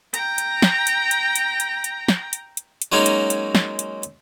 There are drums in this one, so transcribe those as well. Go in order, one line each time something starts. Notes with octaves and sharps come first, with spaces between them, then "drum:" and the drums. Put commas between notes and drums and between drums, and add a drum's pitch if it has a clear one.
G5 A#5, drum: hi-hat
drum: hi-hat
drum: snare
drum: hi-hat
drum: hi-hat
drum: hi-hat
drum: hi-hat
drum: hi-hat
drum: snare
drum: hi-hat
drum: hi-hat
drum: hi-hat
F#3 G#3 A#3 C#4 D#4 F#4
drum: hi-hat
drum: hi-hat
drum: snare
drum: hi-hat
drum: hi-hat